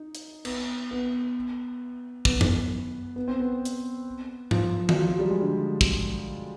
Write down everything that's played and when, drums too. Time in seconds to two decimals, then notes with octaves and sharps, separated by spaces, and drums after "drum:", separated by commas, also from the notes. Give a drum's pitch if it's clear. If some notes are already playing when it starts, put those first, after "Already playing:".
Already playing: D#4
0.15 drum: hi-hat
0.45 B3, drum: cymbal
0.91 B3
2.25 B3, drum: kick
2.41 drum: tom F#2
3.16 B3
3.28 C4
3.40 B3
3.65 drum: hi-hat
4.51 F3, drum: tom G#2
4.89 F#3, drum: tom D#3
4.97 F3
5.08 F#3
5.19 G3
5.30 G#3
5.42 D3
5.81 drum: kick